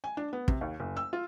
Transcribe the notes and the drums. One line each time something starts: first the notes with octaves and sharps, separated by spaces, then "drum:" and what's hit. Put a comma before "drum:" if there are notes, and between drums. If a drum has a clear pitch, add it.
G#5
D4
B3
C3, drum: kick
D#2
F#1
E6
F4